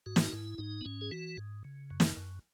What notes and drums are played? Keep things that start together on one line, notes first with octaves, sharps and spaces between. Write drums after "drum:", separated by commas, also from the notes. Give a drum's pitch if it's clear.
G#2 F#4
drum: snare
D#4
G#2 E4
G#2 D#4
B3
G#2 C#4
G#4
E3 F#4
G#2
C#3
F#2
drum: snare
F#2